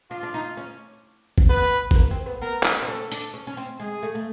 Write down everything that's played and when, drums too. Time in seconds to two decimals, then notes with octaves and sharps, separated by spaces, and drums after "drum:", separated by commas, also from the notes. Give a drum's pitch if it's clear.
0.11 D4 F4
0.23 D4
0.34 D#4
0.57 C#4
1.38 drum: kick
1.49 B3 B4
1.91 B3, drum: kick
1.96 A#3
2.11 C4
2.26 B3
2.42 B3 A#4
2.63 drum: clap
2.82 C4
2.88 C#4 A4
3.12 D4, drum: hi-hat
3.34 C#4
3.47 C#4
3.57 C4
3.80 G#3 G#4
4.03 A3
4.15 A3